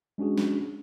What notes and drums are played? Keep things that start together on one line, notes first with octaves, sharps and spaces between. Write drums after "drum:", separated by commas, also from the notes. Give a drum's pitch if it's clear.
G#3 C#4 D4 F#4 G#4
drum: snare